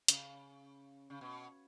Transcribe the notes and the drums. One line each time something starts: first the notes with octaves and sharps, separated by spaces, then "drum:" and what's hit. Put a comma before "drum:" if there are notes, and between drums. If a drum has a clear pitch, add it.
C#3, drum: hi-hat
C#3
B2